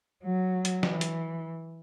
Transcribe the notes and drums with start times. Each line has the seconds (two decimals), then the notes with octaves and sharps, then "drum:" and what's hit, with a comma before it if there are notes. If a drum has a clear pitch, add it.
0.24 F#3
0.65 drum: hi-hat
0.83 E3, drum: snare
1.01 drum: hi-hat